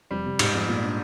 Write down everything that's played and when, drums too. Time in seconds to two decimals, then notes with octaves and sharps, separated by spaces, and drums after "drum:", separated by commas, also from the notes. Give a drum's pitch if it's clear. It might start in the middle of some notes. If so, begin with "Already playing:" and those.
0.11 F1 G3
0.26 C3
0.39 G#2 G3, drum: cymbal
0.54 F2
0.68 A#2
0.83 D4